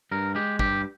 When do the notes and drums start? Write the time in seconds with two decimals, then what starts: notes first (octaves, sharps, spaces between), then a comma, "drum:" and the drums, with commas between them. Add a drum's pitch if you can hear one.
0.11 G2 A#4
0.35 G#3 G4
0.59 G2 G4, drum: kick